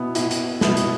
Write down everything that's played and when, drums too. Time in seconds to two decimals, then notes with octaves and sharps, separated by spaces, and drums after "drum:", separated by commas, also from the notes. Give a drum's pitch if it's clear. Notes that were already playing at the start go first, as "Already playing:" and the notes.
Already playing: B2 B3 E4
0.15 B2 B3 E4, drum: hi-hat
0.31 drum: hi-hat
0.61 B2 B3 E4, drum: snare
0.77 drum: hi-hat